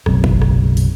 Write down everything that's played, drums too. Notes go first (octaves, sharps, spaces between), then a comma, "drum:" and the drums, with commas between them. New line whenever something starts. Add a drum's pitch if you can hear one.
F#1 B1 C3, drum: rim click
drum: kick
drum: rim click
drum: open hi-hat